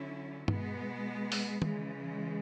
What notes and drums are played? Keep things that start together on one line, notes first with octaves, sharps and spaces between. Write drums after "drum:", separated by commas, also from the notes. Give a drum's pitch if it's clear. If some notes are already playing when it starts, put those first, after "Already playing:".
Already playing: D3 F#3 C#4 E4
B2 G#3 B3, drum: tom
drum: open hi-hat
C#3 E3 G#3, drum: tom